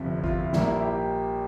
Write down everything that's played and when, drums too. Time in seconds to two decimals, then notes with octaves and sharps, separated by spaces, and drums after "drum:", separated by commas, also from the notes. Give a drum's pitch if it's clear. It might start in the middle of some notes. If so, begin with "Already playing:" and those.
Already playing: G1 F2 C3 F3 E5
0.19 E4
0.24 F4, drum: kick A1
0.38 E4
0.53 A#1 A#2 G3 A#3 E4, drum: snare
0.67 E4
0.82 G4